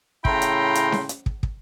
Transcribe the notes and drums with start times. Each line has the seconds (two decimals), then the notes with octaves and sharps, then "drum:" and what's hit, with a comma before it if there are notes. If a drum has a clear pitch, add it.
0.25 A2 C#3 E4 G5 A#5 C6, drum: kick
0.42 drum: hi-hat
0.75 drum: hi-hat
0.92 drum: snare C#4
1.09 drum: hi-hat
1.26 drum: kick
1.43 drum: kick